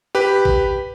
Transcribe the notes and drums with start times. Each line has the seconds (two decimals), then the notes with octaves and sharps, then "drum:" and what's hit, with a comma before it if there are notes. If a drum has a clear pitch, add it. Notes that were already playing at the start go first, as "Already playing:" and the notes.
0.15 G4 B4
0.45 drum: kick